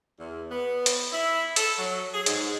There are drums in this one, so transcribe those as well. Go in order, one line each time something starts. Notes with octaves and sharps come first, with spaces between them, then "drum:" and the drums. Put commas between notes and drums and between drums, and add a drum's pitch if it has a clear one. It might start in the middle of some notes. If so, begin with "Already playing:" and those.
E2
B3
drum: hi-hat
E4
A4, drum: hi-hat
F#3
G#4
G#2, drum: hi-hat